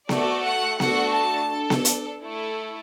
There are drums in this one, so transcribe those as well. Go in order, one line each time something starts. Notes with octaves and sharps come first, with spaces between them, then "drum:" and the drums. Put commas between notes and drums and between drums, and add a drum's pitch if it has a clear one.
A3 F#4 A4 D5, drum: snare B3
F#5
A3 D4 F#4 A4 F#5, drum: snare B3
A5
D4 A4
drum: snare B3
drum: hi-hat
A3 E4 A4